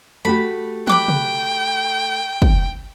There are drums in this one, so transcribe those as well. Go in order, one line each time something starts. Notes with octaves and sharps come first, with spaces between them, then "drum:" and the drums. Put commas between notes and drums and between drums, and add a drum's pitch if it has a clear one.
A3 F#4 G4 B5
G5 B5 D6 F#6, drum: tom
drum: tom C3
drum: kick